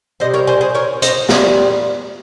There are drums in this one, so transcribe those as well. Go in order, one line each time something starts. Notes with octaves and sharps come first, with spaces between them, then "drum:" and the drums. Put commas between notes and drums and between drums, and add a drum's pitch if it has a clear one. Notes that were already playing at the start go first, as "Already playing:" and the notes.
C3 D#3 G3 C5 D#5
A#4 C#5
G#4 C5
G#4 C5
A#4 C#5
C5 D#5, drum: hi-hat
A#2 G3 F4 G#4, drum: snare